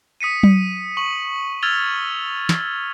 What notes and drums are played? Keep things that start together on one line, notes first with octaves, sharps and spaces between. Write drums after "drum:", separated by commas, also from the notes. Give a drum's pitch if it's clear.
D#6 B6 C#7 D#7
drum: tom F#3
C#6 F#7
E6 F6 G#6 A6 F7 G7
drum: snare